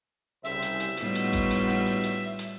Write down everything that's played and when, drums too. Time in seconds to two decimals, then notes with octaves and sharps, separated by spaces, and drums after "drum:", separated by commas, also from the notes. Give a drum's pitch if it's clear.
0.45 C2 C#3 C5 E5, drum: open hi-hat
0.62 drum: hi-hat
0.80 drum: hi-hat
0.97 A2 G3 B3 D#4 F4 F#4, drum: hi-hat
1.15 drum: hi-hat
1.33 drum: kick G#1, hi-hat
1.50 drum: hi-hat
1.68 drum: snare
1.86 drum: open hi-hat
2.03 drum: hi-hat
2.39 drum: hi-hat